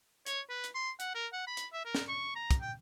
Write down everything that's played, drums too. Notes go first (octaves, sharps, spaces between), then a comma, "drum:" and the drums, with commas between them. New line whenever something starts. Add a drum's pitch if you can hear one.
C#5, drum: hi-hat
B4
drum: hi-hat
C6
F#5, drum: hi-hat
A#4
F#5
B5
drum: hi-hat
E5
A#4
drum: snare
C#6
A#5
drum: kick, hi-hat
G5